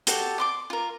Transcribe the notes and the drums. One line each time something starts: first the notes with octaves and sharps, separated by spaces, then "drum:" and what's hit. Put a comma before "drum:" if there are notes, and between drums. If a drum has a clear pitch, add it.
F#4 G4 A4 A5, drum: hi-hat
D5 C6 D6
F4 A#4